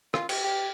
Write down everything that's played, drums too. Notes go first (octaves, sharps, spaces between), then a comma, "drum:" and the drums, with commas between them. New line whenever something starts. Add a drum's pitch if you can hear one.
F4, drum: rim click
G4, drum: cymbal
G4